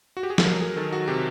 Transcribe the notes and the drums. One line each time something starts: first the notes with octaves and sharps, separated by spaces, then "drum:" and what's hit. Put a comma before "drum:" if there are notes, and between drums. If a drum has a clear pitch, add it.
F#4
G4
G#4
A4, drum: snare
F#3 A#4
G#4
D#3 A4
F#4
C3 G4